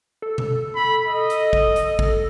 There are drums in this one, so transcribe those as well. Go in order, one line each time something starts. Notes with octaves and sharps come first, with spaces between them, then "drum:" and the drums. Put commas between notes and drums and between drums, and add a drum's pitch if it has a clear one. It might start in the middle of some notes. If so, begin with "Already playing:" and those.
A4
drum: tom B2
B5
D#5
drum: hi-hat
drum: kick
drum: hi-hat
drum: kick